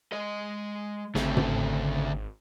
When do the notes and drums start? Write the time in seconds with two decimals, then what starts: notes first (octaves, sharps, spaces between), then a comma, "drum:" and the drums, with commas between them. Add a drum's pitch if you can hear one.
0.12 G#3 D#5
1.15 G#1 D2 C#3 A3 C4, drum: snare
1.37 drum: tom